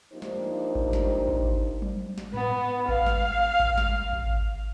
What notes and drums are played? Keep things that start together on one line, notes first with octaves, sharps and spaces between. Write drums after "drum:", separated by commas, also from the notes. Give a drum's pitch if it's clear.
F3 A#3 D4 D#4 G4 C5
drum: snare
drum: kick G#1
drum: snare
drum: kick G#1
drum: tom F#3
drum: snare
B3, drum: tom G#2
F5, drum: kick G#1
drum: snare
drum: kick G#1
drum: snare
drum: kick G#1